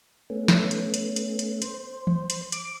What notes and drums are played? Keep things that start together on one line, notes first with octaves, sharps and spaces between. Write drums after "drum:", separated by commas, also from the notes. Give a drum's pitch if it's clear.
A3 B3 C#4
drum: snare
drum: hi-hat
drum: hi-hat
drum: hi-hat
drum: hi-hat
C5, drum: hi-hat
drum: tom E3
drum: hi-hat
D6, drum: hi-hat